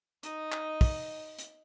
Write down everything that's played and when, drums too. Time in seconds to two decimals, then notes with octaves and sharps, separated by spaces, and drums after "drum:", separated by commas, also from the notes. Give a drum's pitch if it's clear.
0.23 D#4 D#5, drum: hi-hat
0.52 drum: clap
0.81 drum: kick, open hi-hat
1.39 drum: hi-hat